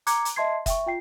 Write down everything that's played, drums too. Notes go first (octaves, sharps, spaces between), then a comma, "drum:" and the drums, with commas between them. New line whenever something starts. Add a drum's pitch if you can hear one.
A#5 D6 F#6 G#6 C#7, drum: hi-hat
drum: hi-hat
D#5 E5 A5 C6 G#6 C7
E5 G5 C#6, drum: kick, hi-hat
F4 G5 C7